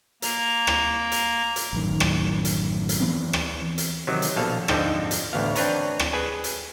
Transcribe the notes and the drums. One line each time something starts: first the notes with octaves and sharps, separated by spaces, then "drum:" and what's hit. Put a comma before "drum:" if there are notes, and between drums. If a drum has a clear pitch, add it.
A#3 A#5, drum: hi-hat
drum: rim click
drum: hi-hat
drum: hi-hat
A1 F#2 D#3
drum: rim click
drum: hi-hat
drum: hi-hat
E3 F3 B3 C4
drum: rim click
drum: hi-hat
C3 D#3 F#3
drum: hi-hat
A#1 B2 A4 F5
F2 G#2 D3 F3 C4 D#4, drum: rim click
drum: hi-hat
A1 D2 B3 F5
C4 D4 B4 C#5 A#5, drum: hi-hat
drum: rim click
G#4 B4 G#5
drum: hi-hat